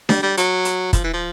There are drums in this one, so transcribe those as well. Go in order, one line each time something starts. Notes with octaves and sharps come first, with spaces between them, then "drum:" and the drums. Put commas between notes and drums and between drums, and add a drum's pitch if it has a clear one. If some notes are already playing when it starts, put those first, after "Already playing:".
G3, drum: snare D4
G3
F#3, drum: hi-hat
drum: hi-hat
F3, drum: kick, hi-hat
E3
F3